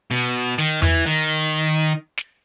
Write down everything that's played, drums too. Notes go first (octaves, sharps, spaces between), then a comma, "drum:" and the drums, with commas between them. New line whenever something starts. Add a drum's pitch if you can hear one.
B2
D#3, drum: snare
E3, drum: tom E2
D#3
drum: snare